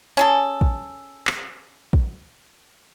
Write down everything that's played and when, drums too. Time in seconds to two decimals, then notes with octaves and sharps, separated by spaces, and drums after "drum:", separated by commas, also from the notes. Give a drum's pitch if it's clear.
0.17 C#4 G#4 A4
0.61 drum: kick
1.27 drum: clap
1.93 drum: kick